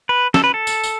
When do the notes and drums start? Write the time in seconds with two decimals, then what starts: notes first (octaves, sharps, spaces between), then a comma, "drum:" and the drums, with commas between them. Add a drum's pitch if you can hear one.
0.09 B4
0.34 A4, drum: snare
0.44 B4
0.54 A4
0.67 drum: tambourine
0.84 drum: tambourine